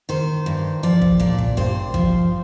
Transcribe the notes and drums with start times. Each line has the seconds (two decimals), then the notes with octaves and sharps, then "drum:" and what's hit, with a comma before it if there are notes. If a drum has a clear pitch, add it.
0.09 D#3 C5
0.46 G2
0.83 F3 D5
1.02 drum: kick
1.20 A#2 D5
1.38 drum: kick
1.57 G2 C5
1.94 F3, drum: kick